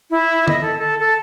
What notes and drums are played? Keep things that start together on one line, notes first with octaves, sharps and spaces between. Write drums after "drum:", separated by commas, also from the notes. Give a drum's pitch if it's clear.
E4
D#5, drum: tom D3
A4
A4
A4